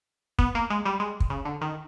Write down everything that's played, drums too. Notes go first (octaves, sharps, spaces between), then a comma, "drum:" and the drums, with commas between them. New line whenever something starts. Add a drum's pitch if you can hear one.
B3, drum: kick
A#3
G#3
G3
G#3
drum: kick
C#3
D3
D#3